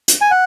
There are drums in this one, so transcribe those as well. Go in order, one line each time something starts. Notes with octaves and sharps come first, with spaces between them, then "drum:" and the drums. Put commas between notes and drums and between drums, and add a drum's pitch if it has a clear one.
drum: hi-hat
G#5
F#5